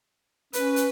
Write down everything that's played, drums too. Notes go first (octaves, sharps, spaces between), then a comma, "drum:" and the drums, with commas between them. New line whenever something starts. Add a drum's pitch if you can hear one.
C#4 B4, drum: hi-hat
drum: hi-hat